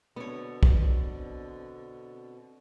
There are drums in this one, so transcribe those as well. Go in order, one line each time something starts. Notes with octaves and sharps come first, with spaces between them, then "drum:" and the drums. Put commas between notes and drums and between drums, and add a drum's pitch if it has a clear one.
B2 D3 B3 C4 C#5
drum: kick